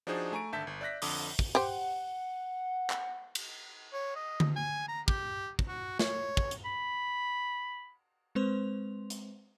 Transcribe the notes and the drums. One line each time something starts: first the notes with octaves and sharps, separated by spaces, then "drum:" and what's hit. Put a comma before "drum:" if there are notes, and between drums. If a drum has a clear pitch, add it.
F3 D4 D#4 F#4 G#4 C5
A3 G#5 A#5 C#6 D7
G#1 D3 E5 A5 G6 B6
G1
D5 E5 F#6 A#6 B6
F2 D3 D6 D#6, drum: open hi-hat
drum: kick
G4 C5 F#5
drum: clap
drum: cymbal
C#5
D#5
drum: tom D3
G#5
A#5
G4, drum: kick
drum: kick
F#4
C#5, drum: snare
drum: kick
drum: hi-hat
B5
G#3 C4 B4 C5 C6 F7
drum: hi-hat